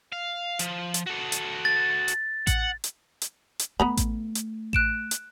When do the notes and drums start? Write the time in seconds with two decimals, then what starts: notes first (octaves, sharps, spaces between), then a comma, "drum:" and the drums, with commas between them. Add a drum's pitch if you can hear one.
0.13 F5
0.59 F3, drum: hi-hat
0.94 drum: hi-hat
1.06 F#4 A4
1.32 drum: hi-hat
1.65 A6
2.08 drum: hi-hat
2.47 F#5, drum: kick A1, hi-hat
2.84 drum: hi-hat
3.22 drum: hi-hat
3.59 drum: hi-hat
3.80 A3 B3 A#5 B5
3.97 drum: kick A1, hi-hat
4.35 drum: hi-hat
4.73 F#6 D7 E7, drum: kick A1
5.11 drum: hi-hat